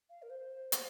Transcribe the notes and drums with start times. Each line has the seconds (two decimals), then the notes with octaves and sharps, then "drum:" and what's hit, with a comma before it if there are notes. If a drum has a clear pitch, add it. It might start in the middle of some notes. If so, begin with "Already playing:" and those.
0.10 F5
0.22 A#4
0.30 C5
0.72 drum: hi-hat